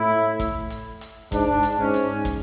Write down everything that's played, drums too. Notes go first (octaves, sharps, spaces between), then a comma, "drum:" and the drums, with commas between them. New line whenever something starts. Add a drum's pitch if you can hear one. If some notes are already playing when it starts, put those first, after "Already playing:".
Already playing: A2 E4
drum: kick, hi-hat
drum: hi-hat
drum: hi-hat
G#2 D4, drum: kick, hi-hat
drum: hi-hat
G#2 C#4
drum: hi-hat
drum: kick, hi-hat